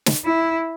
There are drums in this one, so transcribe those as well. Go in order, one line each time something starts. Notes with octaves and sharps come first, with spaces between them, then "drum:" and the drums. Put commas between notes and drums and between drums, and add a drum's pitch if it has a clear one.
drum: snare
E4